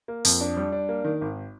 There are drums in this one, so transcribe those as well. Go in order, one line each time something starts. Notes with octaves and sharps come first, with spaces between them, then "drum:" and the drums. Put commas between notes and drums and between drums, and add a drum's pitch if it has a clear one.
A#3
F2, drum: open hi-hat
D4
G3
D4
A#3
D#3
G#1